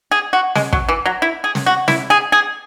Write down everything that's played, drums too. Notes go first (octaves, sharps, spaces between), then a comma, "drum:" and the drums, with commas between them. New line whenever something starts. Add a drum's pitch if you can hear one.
G#4
F#4
G#3, drum: snare
F#3, drum: kick
E3
F#3
E4
G#4
drum: snare
F#4
E4, drum: snare
G#4
G#4